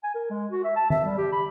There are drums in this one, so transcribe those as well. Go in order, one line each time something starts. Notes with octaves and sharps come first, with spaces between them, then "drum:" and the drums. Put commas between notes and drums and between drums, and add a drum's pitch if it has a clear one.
G#5
A#4
G#3
F#4
E5
A5
E5, drum: tom D#3
G3
G4
B5